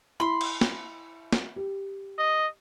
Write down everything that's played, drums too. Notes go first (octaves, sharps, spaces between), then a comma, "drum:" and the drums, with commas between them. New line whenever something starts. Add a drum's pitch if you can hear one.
E4 B5 C6
drum: cymbal
drum: snare
drum: snare
G4
D#5